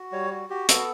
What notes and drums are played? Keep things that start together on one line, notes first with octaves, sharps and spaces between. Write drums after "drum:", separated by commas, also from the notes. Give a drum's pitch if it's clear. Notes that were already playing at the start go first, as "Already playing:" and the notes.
Already playing: F#4
G3 C#5
F#4
F#4 G4
B3 A4, drum: hi-hat